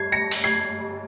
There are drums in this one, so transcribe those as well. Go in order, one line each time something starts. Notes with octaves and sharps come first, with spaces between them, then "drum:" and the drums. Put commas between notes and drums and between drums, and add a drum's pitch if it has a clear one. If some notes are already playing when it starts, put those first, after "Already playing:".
Already playing: G3 G#6 C7
A#6 C#7
drum: open hi-hat
G#6 C7